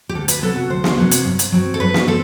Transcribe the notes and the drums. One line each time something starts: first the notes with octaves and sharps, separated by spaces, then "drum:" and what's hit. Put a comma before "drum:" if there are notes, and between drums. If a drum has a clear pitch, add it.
G4
D2 A4
B4, drum: hi-hat
C3 F#3 B3 A4
F#4
D2 C5
drum: snare
C3 F#3 B3
drum: hi-hat
G2
drum: hi-hat
F#3 C4
A4
G2 B4
drum: snare
C4 A4